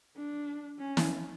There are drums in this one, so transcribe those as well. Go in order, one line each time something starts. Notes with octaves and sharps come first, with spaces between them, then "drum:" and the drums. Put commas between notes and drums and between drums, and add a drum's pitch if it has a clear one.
D4
C#4
drum: snare